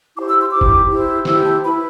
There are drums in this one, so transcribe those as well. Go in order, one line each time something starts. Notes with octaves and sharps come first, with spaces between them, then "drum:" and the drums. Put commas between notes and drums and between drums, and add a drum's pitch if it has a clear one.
E4 G4 C5 D6
E6
C6
E4 G4 C5 D6
drum: kick
E4 G4 C5
E4 G4 C5 E6, drum: snare
A5
E4 B4 B5